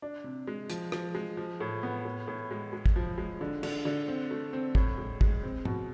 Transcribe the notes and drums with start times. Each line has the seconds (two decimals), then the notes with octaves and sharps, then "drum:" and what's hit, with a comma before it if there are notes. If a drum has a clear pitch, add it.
0.02 D4
0.24 C3
0.47 G#3
0.70 F3, drum: hi-hat
0.92 F3, drum: rim click
1.15 G#3
1.37 F3
1.60 A2
1.83 B3
2.05 A2
2.28 A2
2.51 G#3
2.73 G#3
2.86 drum: kick
2.96 F3
3.18 G#3
3.41 D3
3.63 D3, drum: cymbal
3.85 D3
4.08 C4
4.31 A3
4.53 C4
4.75 A2, drum: kick
4.98 G#3
5.21 G#3, drum: kick
5.43 C4
5.65 B2, drum: tom G#2